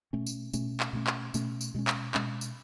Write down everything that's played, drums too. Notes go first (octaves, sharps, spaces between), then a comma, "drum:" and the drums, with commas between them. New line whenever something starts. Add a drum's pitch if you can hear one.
B2 A3 C#4
drum: tambourine
B2 A3 C#4, drum: tambourine
drum: clap
B2 A3 C#4
drum: clap
B2 A3 C#4, drum: tambourine
drum: tambourine
B2 G#3 C#4
drum: clap
B2 G#3 C#4, drum: clap
drum: tambourine